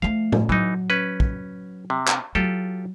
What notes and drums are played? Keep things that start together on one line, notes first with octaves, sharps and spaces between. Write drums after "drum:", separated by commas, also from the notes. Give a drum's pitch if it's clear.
F3 A3 F5
drum: tom A2
E3 F#3 D#4
C#4 B4
drum: kick
C3
drum: clap
F#3 F4 G4 A4